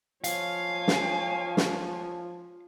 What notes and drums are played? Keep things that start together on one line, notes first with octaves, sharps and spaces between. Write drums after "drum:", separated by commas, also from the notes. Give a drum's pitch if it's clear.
F3 C#5 F5 G#5, drum: hi-hat
drum: snare
drum: snare